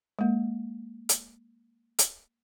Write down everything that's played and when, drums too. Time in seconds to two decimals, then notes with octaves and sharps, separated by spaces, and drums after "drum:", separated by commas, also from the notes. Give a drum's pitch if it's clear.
0.19 G#3 A#3
1.09 drum: hi-hat
1.99 drum: hi-hat